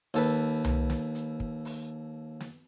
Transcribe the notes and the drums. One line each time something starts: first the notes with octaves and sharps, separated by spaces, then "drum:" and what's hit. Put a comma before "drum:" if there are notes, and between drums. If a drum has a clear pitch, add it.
D#2 A4 B4, drum: open hi-hat
drum: tom C2
drum: snare
drum: hi-hat
drum: kick
drum: open hi-hat
drum: snare